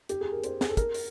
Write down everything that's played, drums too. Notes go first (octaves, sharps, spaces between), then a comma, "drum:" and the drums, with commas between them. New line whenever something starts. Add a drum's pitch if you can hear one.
G4, drum: hi-hat
G#4
A#4
C5, drum: hi-hat
G#4, drum: snare
A4
A#4, drum: kick, hi-hat
drum: open hi-hat